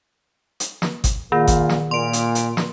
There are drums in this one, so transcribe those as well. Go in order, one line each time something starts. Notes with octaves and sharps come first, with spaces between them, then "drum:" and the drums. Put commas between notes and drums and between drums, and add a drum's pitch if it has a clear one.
drum: hi-hat
drum: snare
drum: kick, hi-hat
A#2 D#3 A#3 F4
drum: kick, hi-hat
drum: snare
A#2 C6 D7
drum: hi-hat
drum: hi-hat
drum: snare